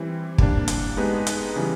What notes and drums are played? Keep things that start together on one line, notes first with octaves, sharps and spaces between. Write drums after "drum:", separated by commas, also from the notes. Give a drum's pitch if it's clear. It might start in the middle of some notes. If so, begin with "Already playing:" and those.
Already playing: E3 G3 C4 E4
G3 A#3 D4, drum: kick
drum: hi-hat
G#3 B3 D#4 G4 B4
drum: hi-hat
C#3 E3 G3